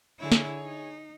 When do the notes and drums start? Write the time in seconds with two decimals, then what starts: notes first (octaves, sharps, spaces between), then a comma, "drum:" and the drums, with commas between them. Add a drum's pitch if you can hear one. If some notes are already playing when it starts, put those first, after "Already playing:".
0.20 D3 E4 G#4 C#5
0.32 drum: snare
0.62 D#4